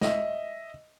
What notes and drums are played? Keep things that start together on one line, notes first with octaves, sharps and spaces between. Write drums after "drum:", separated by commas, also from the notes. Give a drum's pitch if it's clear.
D#5 E5, drum: snare